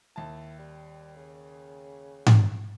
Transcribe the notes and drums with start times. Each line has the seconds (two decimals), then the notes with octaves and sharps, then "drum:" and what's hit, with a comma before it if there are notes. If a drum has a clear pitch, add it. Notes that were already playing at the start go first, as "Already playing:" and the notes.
0.16 D#2 E4 A5
0.59 G3
1.16 C#3
2.26 drum: tom G#2